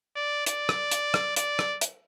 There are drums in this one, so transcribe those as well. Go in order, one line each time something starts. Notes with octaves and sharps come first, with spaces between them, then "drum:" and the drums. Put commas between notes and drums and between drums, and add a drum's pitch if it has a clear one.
D5
D5, drum: hi-hat
drum: rim click
drum: hi-hat
drum: rim click
D5, drum: hi-hat
drum: rim click
drum: hi-hat